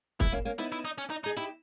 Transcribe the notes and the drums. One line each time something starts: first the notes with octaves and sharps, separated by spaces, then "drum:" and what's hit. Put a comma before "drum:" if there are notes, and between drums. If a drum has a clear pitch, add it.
G#3 B3 E4, drum: kick
A#3 C#4
A#3 C#4
B3 D#4 E4
E4
D#4
C#4
D#4
D#4 G#4
D#4 E4 G4